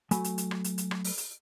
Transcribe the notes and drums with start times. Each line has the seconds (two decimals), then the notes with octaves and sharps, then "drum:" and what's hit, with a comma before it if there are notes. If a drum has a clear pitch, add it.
0.11 F#3 A3 G#5 B5, drum: hi-hat
0.24 drum: hi-hat
0.38 drum: hi-hat
0.51 drum: rim click
0.64 drum: hi-hat
0.78 drum: hi-hat
0.91 drum: rim click
1.04 drum: open hi-hat
1.18 drum: hi-hat